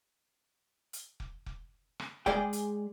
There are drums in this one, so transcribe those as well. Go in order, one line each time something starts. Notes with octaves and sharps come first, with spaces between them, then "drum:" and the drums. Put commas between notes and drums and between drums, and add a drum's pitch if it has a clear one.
drum: hi-hat
drum: kick F1
drum: kick F1
drum: rim click
G#3 G#4 D5 G5, drum: kick F1
drum: hi-hat